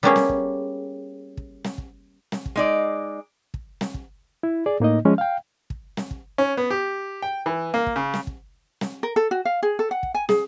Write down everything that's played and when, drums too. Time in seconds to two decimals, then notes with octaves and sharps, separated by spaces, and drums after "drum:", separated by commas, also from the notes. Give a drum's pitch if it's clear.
0.03 G3 A#3 B3 C#4 G4 G#4
0.16 drum: snare
0.29 drum: kick
1.37 drum: kick
1.64 drum: snare
1.78 drum: kick
2.32 drum: snare
2.46 drum: kick
2.56 G#3 D#4 D5
3.54 drum: kick
3.81 drum: snare
3.94 drum: kick
4.43 E4
4.66 G#4 D5
4.80 A2 A#3 D#4 D#5
5.05 F3 G#3 C#4
5.18 F5 G5
5.70 drum: kick
5.97 drum: snare
6.11 drum: kick
6.38 C#4
6.57 B3
6.70 G4
7.22 G5
7.46 E3
7.74 A#3
7.86 drum: kick
7.96 C#3
8.14 drum: snare
8.27 drum: kick
8.81 drum: snare
9.03 A#4
9.16 A4
9.31 F#4
9.45 F5
9.63 G#4
9.79 A4
9.91 F#5
10.03 drum: kick
10.14 G#5
10.29 G#4, drum: snare